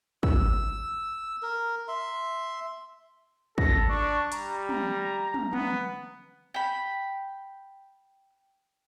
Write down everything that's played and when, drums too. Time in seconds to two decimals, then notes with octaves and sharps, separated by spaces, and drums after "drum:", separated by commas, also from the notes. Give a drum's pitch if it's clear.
0.23 E6, drum: kick
1.42 A#4
1.88 E5 C6
3.58 A4 A#6, drum: kick
3.89 D4 C#6
4.32 G3 A#5, drum: hi-hat
4.69 A#5, drum: tom
5.34 drum: tom
5.53 B3, drum: tom
6.54 G5 B5